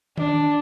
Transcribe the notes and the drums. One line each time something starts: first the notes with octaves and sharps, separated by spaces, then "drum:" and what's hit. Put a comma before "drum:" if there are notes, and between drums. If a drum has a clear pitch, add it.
D4, drum: tom D#3